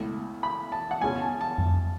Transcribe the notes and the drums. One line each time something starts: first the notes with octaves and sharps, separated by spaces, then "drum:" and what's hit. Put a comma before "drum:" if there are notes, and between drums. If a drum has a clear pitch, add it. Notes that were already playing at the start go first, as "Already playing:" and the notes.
Already playing: C#2 B2 A3 E4
B5
A5
F#5
C#2 B2 G#3 C#4 G#5
A5
A5
drum: tom F2